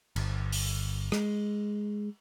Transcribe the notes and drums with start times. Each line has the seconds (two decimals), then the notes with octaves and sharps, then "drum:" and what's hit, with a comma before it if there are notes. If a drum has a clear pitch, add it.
0.16 G1, drum: cymbal
0.52 drum: open hi-hat
1.12 G#3, drum: rim click